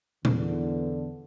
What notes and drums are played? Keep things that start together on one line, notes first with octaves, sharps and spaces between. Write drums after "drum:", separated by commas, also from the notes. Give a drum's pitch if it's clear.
E2 D3, drum: tom